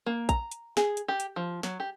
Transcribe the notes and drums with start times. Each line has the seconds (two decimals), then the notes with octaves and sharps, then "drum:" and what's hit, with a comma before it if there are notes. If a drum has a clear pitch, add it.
0.06 A#3
0.29 A#5, drum: kick A#1, hi-hat
0.52 drum: hi-hat
0.77 G#4, drum: snare
0.97 drum: hi-hat
1.08 G4
1.20 drum: hi-hat
1.36 F3
1.63 F#3, drum: snare
1.80 G4